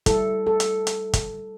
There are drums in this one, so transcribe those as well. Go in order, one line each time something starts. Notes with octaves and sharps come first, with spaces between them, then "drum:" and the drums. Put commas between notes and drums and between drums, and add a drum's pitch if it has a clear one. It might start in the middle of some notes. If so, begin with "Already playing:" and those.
G3 E4 A4, drum: kick, hi-hat
A4
drum: hi-hat
drum: hi-hat
drum: kick, hi-hat